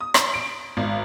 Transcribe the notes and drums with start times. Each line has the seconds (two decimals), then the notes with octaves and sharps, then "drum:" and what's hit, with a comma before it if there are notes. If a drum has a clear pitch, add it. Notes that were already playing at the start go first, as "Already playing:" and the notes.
0.01 D#6
0.14 C6, drum: rim click
0.34 D7
0.77 G#1